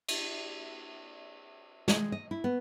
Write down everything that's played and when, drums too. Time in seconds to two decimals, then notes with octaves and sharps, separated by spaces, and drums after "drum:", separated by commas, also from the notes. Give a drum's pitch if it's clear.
0.08 drum: cymbal
1.88 G#3, drum: snare
2.12 D#5
2.31 E4
2.44 B3